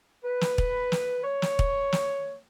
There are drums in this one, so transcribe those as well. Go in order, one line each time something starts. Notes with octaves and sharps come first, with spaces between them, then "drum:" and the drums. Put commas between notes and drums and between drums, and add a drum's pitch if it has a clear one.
B4
drum: snare
drum: kick
drum: snare
C#5
drum: snare
drum: kick
drum: snare